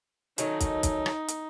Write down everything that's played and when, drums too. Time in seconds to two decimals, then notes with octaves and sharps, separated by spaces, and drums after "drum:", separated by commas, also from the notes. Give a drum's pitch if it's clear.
0.38 D#3 F#3 A3 C#4 D#4, drum: hi-hat
0.60 drum: kick, hi-hat
0.83 drum: kick, hi-hat
1.06 drum: rim click
1.28 drum: hi-hat